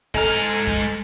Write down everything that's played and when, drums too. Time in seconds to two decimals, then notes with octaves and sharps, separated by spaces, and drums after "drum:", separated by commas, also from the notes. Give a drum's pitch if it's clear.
0.14 G#3 A4 G#5 A#5 F6, drum: kick
0.28 drum: clap
0.54 drum: clap
0.67 drum: kick
0.81 drum: clap